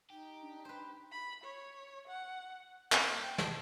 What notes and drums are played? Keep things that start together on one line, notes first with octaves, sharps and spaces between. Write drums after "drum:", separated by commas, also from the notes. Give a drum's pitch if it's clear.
D#4 G4
D4
B4 C5
B5
C#5
F#5
A#3, drum: clap
G5
A5, drum: snare